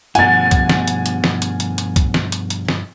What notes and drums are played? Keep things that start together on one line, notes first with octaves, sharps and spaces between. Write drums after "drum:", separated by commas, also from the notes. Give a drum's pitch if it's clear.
G2 B2 F3 F#5 G#5 A6, drum: hi-hat
drum: kick B1, hi-hat
drum: snare
drum: hi-hat
drum: hi-hat
drum: snare
drum: hi-hat
drum: hi-hat
drum: hi-hat
drum: kick B1, hi-hat
drum: snare
drum: hi-hat
drum: hi-hat
drum: snare